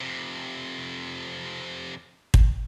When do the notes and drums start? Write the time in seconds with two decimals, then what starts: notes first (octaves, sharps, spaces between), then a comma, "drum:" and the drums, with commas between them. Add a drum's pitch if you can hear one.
0.01 F2 C3
2.34 drum: kick